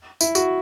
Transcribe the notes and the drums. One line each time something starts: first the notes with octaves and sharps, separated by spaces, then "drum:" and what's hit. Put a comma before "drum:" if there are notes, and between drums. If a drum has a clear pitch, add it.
E4, drum: tambourine
F#4, drum: tambourine